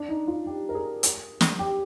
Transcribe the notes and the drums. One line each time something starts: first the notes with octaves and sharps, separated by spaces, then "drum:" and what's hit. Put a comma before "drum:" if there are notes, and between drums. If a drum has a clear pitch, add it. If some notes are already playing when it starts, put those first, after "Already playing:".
Already playing: D4
D#4
F4
G4
A#4
G#4
drum: hi-hat
drum: snare
G4